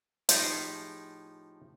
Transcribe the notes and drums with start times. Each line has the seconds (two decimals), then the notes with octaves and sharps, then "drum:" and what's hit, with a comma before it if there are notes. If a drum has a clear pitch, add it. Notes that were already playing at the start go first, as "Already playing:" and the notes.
0.29 A2 F3 D#4 G4 G#4, drum: hi-hat